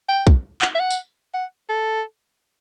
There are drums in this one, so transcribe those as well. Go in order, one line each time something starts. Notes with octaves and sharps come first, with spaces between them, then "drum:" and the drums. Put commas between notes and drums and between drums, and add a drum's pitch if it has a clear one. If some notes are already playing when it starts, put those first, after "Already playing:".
G5
drum: kick
F#5, drum: clap
E5
F#5
drum: tambourine
F#5
A4